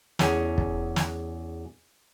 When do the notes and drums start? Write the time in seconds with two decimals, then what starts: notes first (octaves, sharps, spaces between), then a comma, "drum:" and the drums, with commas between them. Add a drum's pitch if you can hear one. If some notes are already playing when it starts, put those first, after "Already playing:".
0.19 E2 C#4 G#4, drum: snare
0.58 drum: kick
0.96 drum: snare